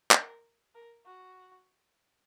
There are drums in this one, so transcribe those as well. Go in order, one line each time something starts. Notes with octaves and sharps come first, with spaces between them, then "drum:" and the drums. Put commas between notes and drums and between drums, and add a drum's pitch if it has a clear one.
A#4, drum: clap
A#4
F#4